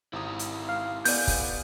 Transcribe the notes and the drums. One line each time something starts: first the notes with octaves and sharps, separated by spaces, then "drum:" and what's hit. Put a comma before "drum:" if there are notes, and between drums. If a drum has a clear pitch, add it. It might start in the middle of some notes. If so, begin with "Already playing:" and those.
G#1 E4 G4 A#5 D#6
drum: hi-hat
F5
B3 D5 G#5 G6, drum: open hi-hat
drum: kick, open hi-hat